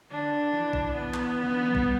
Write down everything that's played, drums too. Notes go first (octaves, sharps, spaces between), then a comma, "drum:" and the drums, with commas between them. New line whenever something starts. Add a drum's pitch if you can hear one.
D3 D4
E3
drum: kick A#1
B3
drum: clap
C#3
D3
E3
F#3
G3, drum: kick A#1